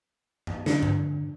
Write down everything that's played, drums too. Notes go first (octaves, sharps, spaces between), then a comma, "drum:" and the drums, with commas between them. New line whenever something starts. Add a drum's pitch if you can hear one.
drum: tom F#2
D3, drum: snare
drum: tom G2